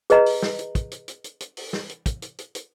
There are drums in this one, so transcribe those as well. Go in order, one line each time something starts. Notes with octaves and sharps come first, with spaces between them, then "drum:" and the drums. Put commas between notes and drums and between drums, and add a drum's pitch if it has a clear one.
G#4 B4 D#5 A#5, drum: hi-hat
drum: open hi-hat
drum: snare
drum: hi-hat
drum: kick, hi-hat
drum: hi-hat
drum: hi-hat
drum: hi-hat
drum: hi-hat
drum: open hi-hat
drum: snare
drum: hi-hat
drum: kick, hi-hat
drum: hi-hat
drum: hi-hat
drum: hi-hat